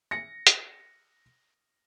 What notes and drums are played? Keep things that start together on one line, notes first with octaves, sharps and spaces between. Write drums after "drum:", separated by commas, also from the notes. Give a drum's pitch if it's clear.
A#6 C#7
drum: hi-hat